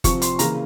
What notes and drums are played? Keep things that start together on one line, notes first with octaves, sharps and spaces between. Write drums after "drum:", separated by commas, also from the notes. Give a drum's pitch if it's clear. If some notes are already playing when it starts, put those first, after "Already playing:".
C3 F3 C4 C#6, drum: kick F#1, hi-hat
C6, drum: hi-hat
C#3 E3 A#3 A#5, drum: hi-hat